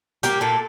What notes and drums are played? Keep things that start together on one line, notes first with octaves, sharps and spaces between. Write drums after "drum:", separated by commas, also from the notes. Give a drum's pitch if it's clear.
A#3 G4, drum: hi-hat
A#2 A4